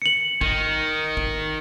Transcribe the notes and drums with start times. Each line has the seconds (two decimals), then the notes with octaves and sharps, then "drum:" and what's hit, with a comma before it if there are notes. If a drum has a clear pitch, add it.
0.02 C#7 F#7
0.41 D#3, drum: kick
1.17 drum: kick